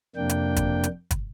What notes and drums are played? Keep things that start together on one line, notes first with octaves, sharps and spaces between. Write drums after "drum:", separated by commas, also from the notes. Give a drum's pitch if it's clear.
F2 C3 A#3 D4 G5
drum: hi-hat
drum: kick, hi-hat
drum: hi-hat
drum: kick, hi-hat